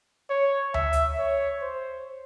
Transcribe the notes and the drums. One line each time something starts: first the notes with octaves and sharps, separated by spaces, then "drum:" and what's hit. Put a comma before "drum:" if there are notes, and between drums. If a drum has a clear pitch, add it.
C#5
E5, drum: tom D2
drum: hi-hat
C#5
C5